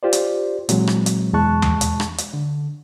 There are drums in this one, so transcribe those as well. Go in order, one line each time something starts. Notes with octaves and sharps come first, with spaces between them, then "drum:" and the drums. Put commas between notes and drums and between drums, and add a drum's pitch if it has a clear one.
F4 G4 C5 D5
drum: hi-hat
A#2 E3 F#3 G#3 C4, drum: hi-hat
drum: rim click
drum: hi-hat
E2 B2 G#3 A5 C#6 F#6
drum: tom D#2
drum: hi-hat
drum: rim click
drum: hi-hat
D3